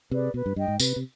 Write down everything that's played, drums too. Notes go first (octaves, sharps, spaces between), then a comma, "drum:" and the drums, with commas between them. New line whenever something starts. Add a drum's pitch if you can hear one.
C3 G#4 B4 D5
B2 B4
G2
G2 D#5 G5
G#2
C3 B4, drum: tambourine
C3